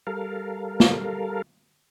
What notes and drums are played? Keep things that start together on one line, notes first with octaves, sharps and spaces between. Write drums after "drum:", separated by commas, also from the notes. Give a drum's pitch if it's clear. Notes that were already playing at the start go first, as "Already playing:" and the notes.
G3 A4 A#4 F5
drum: snare